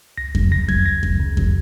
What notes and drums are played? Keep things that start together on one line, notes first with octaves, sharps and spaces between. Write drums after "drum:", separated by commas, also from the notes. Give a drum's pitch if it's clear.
C#2 A#6
C#2, drum: kick F2
C#3 A#6
F#3 G#6, drum: kick F2
C#2 A#6
C#2, drum: kick F2
C#3
F#3, drum: kick F2